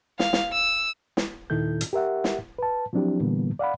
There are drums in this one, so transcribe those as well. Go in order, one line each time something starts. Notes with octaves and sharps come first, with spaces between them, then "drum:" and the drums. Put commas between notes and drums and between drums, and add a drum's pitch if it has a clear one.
F5, drum: snare
drum: snare
E6
drum: snare
D#2 A#2 D#3 E4 A4 G6
drum: hi-hat
G4 A#4 E5 F#5
drum: snare
B4 A5
F3 F#3 C4 D4 E4 G4
A#2 D3 E3 G3 A#3 B3
D5 F5 F#5 B5